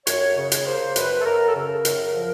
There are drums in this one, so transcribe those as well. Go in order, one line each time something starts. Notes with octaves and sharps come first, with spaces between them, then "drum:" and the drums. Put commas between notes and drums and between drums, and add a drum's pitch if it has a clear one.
F#2 C#5, drum: hi-hat
C#3
drum: hi-hat
A#3 C5
F#2 B4, drum: hi-hat
A4
F#2 A#4
A4
C#3 A#4
F#2, drum: hi-hat
F3